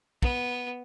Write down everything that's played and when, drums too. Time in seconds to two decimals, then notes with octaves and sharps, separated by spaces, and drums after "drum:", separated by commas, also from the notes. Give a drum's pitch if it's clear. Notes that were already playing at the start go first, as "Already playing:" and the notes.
0.22 B3, drum: kick